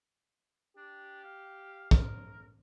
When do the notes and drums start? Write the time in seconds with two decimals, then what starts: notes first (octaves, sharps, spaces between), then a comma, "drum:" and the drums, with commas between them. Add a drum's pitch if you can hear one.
0.77 D4 G4
1.24 F5
1.91 A#4, drum: kick